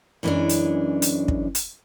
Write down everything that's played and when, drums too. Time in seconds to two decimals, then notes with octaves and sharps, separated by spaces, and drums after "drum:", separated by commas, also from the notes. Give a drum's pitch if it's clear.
0.23 F#2 E3 G#3 A#3 C#4 D4
0.49 drum: hi-hat
1.02 drum: hi-hat
1.28 drum: kick
1.55 drum: hi-hat